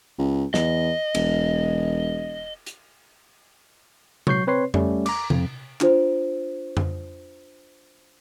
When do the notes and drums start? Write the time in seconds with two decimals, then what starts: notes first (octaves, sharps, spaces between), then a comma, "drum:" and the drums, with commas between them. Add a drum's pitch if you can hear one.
0.18 C#2
0.54 E2 D#5, drum: snare
1.15 E1, drum: cymbal
2.66 drum: hi-hat
4.27 F#3 C#6 G6 C7, drum: tom C3
4.47 C4 B4 C#5 C6 C7
4.74 G3 A3 C#4, drum: tom F2
5.06 A#5 D6, drum: cymbal
5.30 F2, drum: tom C3
5.81 D4 F4 C5, drum: clap
6.77 drum: tom F2